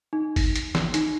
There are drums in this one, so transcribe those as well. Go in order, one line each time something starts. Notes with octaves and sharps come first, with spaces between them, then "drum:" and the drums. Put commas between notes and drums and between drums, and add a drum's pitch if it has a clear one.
D#4
drum: kick G1, open hi-hat
drum: hi-hat
drum: snare
D#4, drum: hi-hat